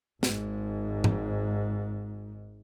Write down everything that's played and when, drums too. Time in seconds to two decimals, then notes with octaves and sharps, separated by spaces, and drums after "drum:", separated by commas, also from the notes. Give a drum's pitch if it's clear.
0.23 G#1 G#2, drum: snare
1.04 drum: tom G#2